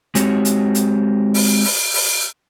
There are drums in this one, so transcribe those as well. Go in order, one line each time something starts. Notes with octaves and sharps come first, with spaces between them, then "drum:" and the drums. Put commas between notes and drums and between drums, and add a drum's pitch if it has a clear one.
G#3 C4 F#4 G4 C#5, drum: hi-hat
drum: hi-hat
drum: hi-hat
drum: open hi-hat
drum: open hi-hat
drum: open hi-hat